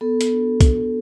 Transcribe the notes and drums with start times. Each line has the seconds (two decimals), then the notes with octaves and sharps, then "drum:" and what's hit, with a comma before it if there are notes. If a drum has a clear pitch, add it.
0.01 B3 A4
0.21 drum: hi-hat
0.31 D4 F#4
0.61 B3 A4, drum: kick B1, hi-hat